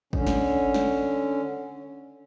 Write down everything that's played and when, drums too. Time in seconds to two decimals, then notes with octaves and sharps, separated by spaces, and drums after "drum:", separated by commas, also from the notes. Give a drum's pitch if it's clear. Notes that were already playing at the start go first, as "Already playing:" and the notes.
0.13 D3 C#4, drum: kick
0.27 drum: snare
0.74 drum: snare